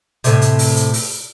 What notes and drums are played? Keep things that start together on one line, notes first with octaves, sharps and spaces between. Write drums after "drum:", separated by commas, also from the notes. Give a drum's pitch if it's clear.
A2 C3, drum: hi-hat
drum: hi-hat
drum: open hi-hat
drum: hi-hat
drum: open hi-hat